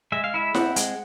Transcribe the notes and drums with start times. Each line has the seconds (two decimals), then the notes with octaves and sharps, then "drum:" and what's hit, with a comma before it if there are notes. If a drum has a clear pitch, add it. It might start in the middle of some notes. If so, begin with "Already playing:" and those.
0.12 G#3 E5
0.24 F5
0.34 E4 E5
0.55 C4 F#5, drum: snare E4
0.76 G#3, drum: hi-hat